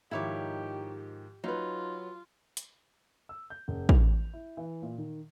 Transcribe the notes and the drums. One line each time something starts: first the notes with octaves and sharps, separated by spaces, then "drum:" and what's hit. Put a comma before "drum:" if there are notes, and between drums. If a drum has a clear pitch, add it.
G#2 D#3 F3 E4 G4 C#5 D6
F#3 D#4 F4 B4
drum: hi-hat
E6
G6
F#1
F7, drum: kick
E4
E3
A#2
D#3